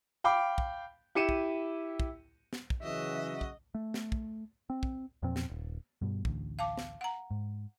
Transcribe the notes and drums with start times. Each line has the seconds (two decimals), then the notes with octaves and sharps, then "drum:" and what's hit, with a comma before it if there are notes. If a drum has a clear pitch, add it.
0.24 F5 G5 B5 D6
0.58 drum: kick
1.15 E4 G4 C#7 D#7 E7
1.29 drum: kick
2.00 drum: kick
2.53 drum: snare
2.70 drum: kick
2.83 C#3 E3 F#3 F#4 D#5 E5
3.41 drum: kick
3.75 A3
3.94 drum: snare
4.12 drum: kick
4.70 C4
4.83 drum: kick
5.22 E2 A#2 F3 C4
5.36 drum: snare
5.50 D#1
6.02 G2 B2 G3
6.25 A1 D2, drum: kick
6.59 F5 A5 D6
6.77 drum: snare
7.01 F#5 A#5
7.31 G#2